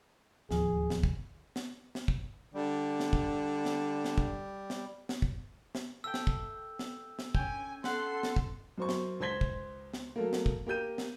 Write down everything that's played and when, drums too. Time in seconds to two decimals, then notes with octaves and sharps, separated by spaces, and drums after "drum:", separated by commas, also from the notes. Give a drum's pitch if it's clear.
0.51 D1 D#2 F3 G#4, drum: snare
0.90 drum: snare
1.03 drum: kick
1.56 drum: snare
1.95 drum: snare
2.08 drum: kick
2.54 D3 G3
3.00 drum: snare
3.13 drum: kick
3.65 drum: snare
4.05 drum: snare
4.18 drum: kick
4.70 drum: snare
5.09 drum: snare
5.22 drum: kick
5.75 drum: snare
6.04 A4 E5 G5 E6
6.14 drum: snare
6.27 drum: kick
6.79 drum: snare
7.19 drum: snare
7.35 C#4 G5 G#5, drum: kick
7.84 A4 E5 F#5 C6 A6, drum: snare
8.23 drum: snare
8.36 drum: kick
8.78 F#2 C5 C#6
8.89 drum: snare
9.20 C#2 C5 C6 G#6 B6 G7
9.41 drum: kick
9.94 drum: snare
10.16 F#3 A3 A#3
10.33 drum: snare
10.46 drum: kick
10.66 A#3 G4 G6 D#7
10.98 drum: snare